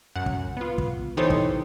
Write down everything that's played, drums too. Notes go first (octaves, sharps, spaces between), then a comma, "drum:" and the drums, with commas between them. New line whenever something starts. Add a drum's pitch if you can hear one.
F#2 F#5
drum: kick
B3 F4
drum: kick
E3 D#4 G4 A4 C5 C#5
drum: kick